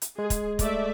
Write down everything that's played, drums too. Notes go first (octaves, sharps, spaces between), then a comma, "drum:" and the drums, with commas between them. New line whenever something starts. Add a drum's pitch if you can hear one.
drum: hi-hat
G#3 G#4
drum: kick, hi-hat
A3 D5 E5, drum: kick, hi-hat